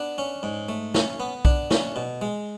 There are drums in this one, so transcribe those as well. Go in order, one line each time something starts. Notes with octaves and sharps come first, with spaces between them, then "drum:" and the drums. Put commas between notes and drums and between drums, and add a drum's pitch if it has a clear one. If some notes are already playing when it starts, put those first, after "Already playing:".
Already playing: B3 D4
C#4
G#2
A3
C#4, drum: snare
B3
D4, drum: kick B1
C#4, drum: snare
B2
G#3